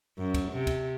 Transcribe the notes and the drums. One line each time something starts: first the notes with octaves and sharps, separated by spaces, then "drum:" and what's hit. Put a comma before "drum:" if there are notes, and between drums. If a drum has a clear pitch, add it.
F#2
drum: kick, cymbal
C3
drum: kick, cymbal